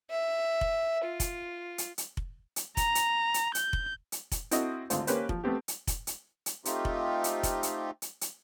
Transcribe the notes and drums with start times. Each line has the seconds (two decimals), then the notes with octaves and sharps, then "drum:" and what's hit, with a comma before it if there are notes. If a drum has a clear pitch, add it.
0.10 E5
0.61 drum: kick F1
1.04 F4
1.20 drum: kick F1, hi-hat
1.78 drum: hi-hat
1.98 drum: hi-hat
2.17 drum: kick F1
2.56 drum: hi-hat
2.77 A#5, drum: kick F1, hi-hat
2.95 drum: hi-hat
3.34 drum: hi-hat
3.55 G6, drum: hi-hat
3.73 drum: kick F1
4.12 drum: hi-hat
4.32 drum: kick F1, hi-hat
4.51 C4 E4 F#4 A4 D#5, drum: hi-hat
4.90 G#1 D2 D3 F4 C5, drum: hi-hat
5.07 A#3 C#4 G4 B4 C5, drum: hi-hat
5.29 F3, drum: kick F1
5.44 A3 B3 C4 G4
5.68 drum: hi-hat
5.87 drum: kick F1, hi-hat
6.07 drum: hi-hat
6.46 drum: hi-hat
6.65 A3 C4 D#4 F4 G4, drum: hi-hat
6.85 drum: kick F1
7.24 drum: hi-hat
7.43 drum: kick F1, hi-hat
7.63 drum: hi-hat
8.02 drum: hi-hat
8.21 drum: hi-hat